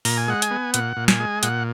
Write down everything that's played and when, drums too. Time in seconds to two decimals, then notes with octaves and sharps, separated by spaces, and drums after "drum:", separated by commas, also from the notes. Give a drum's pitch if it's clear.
0.05 A#2 A#5, drum: open hi-hat
0.17 G#5
0.28 G#3 F#5
0.42 G#5, drum: hi-hat
0.51 B3
0.74 A#2 F#5, drum: hi-hat
0.97 A#2
1.08 G#5, drum: snare
1.20 G#3
1.43 A#2 F#5, drum: hi-hat